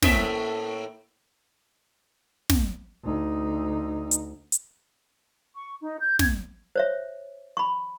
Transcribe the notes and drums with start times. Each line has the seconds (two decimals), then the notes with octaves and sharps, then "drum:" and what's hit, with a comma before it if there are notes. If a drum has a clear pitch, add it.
0.02 A2 A#3 E5, drum: snare
2.50 drum: snare
3.03 D2 D#4
4.11 drum: hi-hat
4.52 drum: hi-hat
5.55 C#6
5.82 D#4
6.00 G6
6.19 G#6, drum: snare
6.76 C5 C#5 E5
7.57 B5 C#6